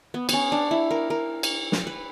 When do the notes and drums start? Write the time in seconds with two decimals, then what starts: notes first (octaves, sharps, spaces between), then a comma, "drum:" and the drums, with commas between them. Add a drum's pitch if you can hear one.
0.14 B3
0.29 B3 C#4, drum: cymbal
0.52 D4
0.71 E4
0.91 A#4
1.10 A#4
1.43 drum: cymbal
1.72 drum: snare
1.87 B4